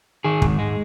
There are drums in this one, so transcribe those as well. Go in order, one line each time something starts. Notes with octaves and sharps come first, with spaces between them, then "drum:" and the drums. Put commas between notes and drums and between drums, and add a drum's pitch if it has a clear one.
D#3 G#4
G#2, drum: kick
G#3